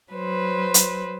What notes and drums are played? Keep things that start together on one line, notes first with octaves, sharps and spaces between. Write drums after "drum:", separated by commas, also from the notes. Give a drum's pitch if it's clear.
F#3 B4 C5
drum: hi-hat